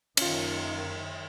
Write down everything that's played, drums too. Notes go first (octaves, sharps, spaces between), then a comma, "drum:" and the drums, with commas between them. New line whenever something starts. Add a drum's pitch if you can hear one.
F#1 D#3 C#4 F4, drum: cymbal